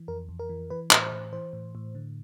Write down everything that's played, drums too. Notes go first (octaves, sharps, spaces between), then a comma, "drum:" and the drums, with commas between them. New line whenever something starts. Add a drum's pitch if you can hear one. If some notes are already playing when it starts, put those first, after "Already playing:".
Already playing: E3
F2 A#4
F2
A#4
E3
E3 B4
A2, drum: clap
C5
A2
E3 C5
A2
A2
D3